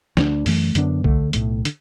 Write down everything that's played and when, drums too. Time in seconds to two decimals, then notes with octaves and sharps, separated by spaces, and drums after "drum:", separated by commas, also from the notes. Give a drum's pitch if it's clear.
0.17 D2 D3 A3 D4, drum: snare
0.46 F#2 E3 A3, drum: open hi-hat
0.75 F#2 D3 B3 D4, drum: hi-hat
1.04 D2 D3 A3, drum: kick B1
1.33 B1 A2 A3, drum: hi-hat
1.65 D3, drum: hi-hat